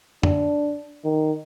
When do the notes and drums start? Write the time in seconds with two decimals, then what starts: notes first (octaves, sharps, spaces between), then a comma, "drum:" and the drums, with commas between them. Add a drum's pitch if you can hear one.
0.23 D4, drum: tom F2
1.05 D#3